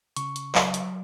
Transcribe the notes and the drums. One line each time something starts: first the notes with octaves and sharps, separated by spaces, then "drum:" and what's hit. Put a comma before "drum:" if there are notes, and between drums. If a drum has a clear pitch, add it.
C#3 C#6, drum: hi-hat
drum: hi-hat
F#3, drum: clap
drum: hi-hat